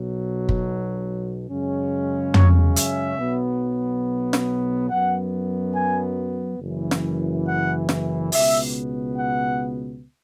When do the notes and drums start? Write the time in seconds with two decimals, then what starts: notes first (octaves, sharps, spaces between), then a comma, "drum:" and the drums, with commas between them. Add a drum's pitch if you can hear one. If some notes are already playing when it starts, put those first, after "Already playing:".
Already playing: B1 B2 F#3
0.49 drum: kick
1.48 F#2 C#3 G#3 C#4
2.34 C#5, drum: tom
2.76 E5, drum: hi-hat
3.19 B1 B2 F#3 B3
4.33 drum: snare
4.90 F#2 F#3 B3 F#5
5.75 G#5
6.60 F#1 F#2 E3
6.91 drum: snare
7.47 F#5
7.89 drum: snare
8.32 C#2 B2 B3 E5, drum: open hi-hat
9.18 F#5